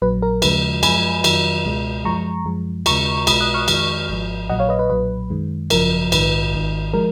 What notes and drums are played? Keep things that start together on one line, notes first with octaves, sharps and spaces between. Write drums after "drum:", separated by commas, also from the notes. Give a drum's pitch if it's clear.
A#1 A#2 F#3 B4
A#4
D#2 C#3 F3 G#3 B4, drum: cymbal
F#2 F3 G#3 G#5 B5, drum: cymbal
F2 D#3 F#3, drum: cymbal
C#2 B2 G#3
F#2 F3 G#3 A#5 C#6
F#2 F3 G#3
D#2 C#3 G#3 A#5 C#6, drum: cymbal
B1 B2 G#3 B5 D#6, drum: cymbal
D#6 F#6
C#6 F6
F2 D#3 G#3, drum: cymbal
G#1 G#2 F3
A#1 A#2 F#3 D#5 F#5
C#5 F5
B4 D#5
B4
B1 A#2 F#3 B4
F#2 D#3 G#3
G#1 F#2 C#3 F3 A#4, drum: cymbal
A#1 G#2 D#3 B4, drum: cymbal
G#1 G#2 D#3
F3 G#3 A#4